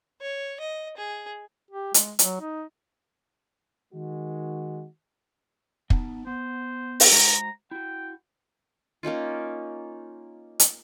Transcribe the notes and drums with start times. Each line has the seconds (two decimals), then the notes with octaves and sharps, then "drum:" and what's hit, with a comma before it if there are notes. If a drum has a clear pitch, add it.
0.21 C#5
0.60 D#5
0.97 G#4
1.71 G4
1.94 G#3, drum: hi-hat
2.19 F#3, drum: hi-hat
2.41 D#4
3.93 D#3 G#3 F#4
5.90 B3 D#4 A5, drum: kick
6.27 B3 C5
7.00 drum: open hi-hat
7.12 G#3 F#4 C5 A#5
7.71 E4 F#4 G5
9.03 A#3 C#4 D#4 F4
10.60 drum: hi-hat